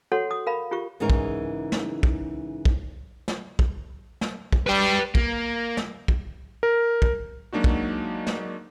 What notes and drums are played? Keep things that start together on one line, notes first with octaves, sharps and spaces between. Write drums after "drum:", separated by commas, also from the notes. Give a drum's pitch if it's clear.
F#4 A4 C#5 F#5 C6
D#6
A#4 F5 B5
F4 G4 C#6
G#2 C#3 E3 D#4 A#4
drum: kick
drum: snare
drum: kick
drum: kick
drum: snare
drum: kick
drum: snare
drum: kick
G3 B4 G5
A#3, drum: kick
drum: snare
drum: kick
A#4
drum: kick
F#3 G#3 A#3 D4 D#4 F#4
drum: kick
drum: snare